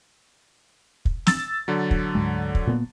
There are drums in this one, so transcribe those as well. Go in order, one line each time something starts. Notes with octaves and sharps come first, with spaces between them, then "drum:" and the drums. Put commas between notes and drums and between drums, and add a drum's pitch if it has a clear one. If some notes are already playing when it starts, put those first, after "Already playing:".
drum: kick
E6 A6, drum: snare
D3 F#3
drum: kick
D2 G#2 G#3
drum: kick
A#2 A#3 B3